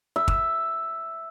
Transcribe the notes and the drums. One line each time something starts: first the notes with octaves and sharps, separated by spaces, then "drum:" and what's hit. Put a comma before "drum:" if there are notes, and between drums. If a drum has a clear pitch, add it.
E5
drum: kick